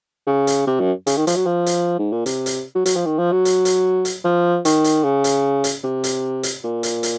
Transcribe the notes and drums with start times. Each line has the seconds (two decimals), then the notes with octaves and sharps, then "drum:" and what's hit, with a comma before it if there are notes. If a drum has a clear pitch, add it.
0.27 C#3
0.47 drum: hi-hat
0.67 C3
0.80 F#2
1.07 C#3, drum: hi-hat
1.17 D#3
1.27 F3, drum: hi-hat
1.36 F#3
1.46 F3
1.66 drum: hi-hat
1.99 G#2
2.12 A#2
2.26 C3, drum: hi-hat
2.46 drum: hi-hat
2.75 F#3
2.86 F#3, drum: hi-hat
2.96 F3
3.06 D#3
3.18 F3
3.32 F#3
3.45 drum: hi-hat
3.65 drum: hi-hat
4.05 drum: hi-hat
4.24 F3
4.65 D#3, drum: hi-hat
4.84 drum: hi-hat
5.04 C#3
5.24 drum: hi-hat
5.64 drum: hi-hat
5.84 C3
6.04 drum: hi-hat
6.43 drum: hi-hat
6.64 A#2
6.83 drum: hi-hat
7.03 drum: hi-hat